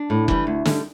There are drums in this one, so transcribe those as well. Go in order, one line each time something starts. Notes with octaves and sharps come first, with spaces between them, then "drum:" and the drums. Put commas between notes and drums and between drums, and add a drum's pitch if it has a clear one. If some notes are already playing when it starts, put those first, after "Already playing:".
Already playing: D4
A2
E3 G3, drum: kick F1
D2
D3 G3, drum: snare